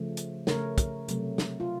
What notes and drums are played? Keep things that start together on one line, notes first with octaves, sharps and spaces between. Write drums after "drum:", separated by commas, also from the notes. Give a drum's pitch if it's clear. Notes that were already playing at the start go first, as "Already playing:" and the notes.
Already playing: C#3 F3 A3
drum: hi-hat
C#3 A3 A#4 C#5, drum: snare
drum: kick, hi-hat
C3 F#3 A3, drum: hi-hat
drum: snare
F4